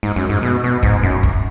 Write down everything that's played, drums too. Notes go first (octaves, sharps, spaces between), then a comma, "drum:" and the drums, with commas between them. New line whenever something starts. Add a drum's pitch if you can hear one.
G#2
F#2
G#2
B2
B2
G#2, drum: kick
F#2
drum: kick